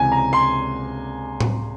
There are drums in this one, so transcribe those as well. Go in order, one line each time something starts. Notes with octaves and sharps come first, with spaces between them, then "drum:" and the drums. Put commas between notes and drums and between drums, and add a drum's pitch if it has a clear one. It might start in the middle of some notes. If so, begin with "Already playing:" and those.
Already playing: C#2 C3 E3 G#5
A#5
C6
drum: tom A2